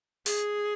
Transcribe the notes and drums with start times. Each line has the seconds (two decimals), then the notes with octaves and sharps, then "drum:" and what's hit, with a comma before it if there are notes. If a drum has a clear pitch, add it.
0.26 G#4, drum: open hi-hat